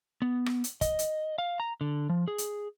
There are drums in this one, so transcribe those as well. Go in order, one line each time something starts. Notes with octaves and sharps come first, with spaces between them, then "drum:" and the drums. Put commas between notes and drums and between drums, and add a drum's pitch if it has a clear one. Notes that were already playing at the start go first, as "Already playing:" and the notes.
B3
drum: rim click
drum: hi-hat
D#5, drum: kick, hi-hat
drum: hi-hat
F5
A#5
D3
F3
G#4
drum: hi-hat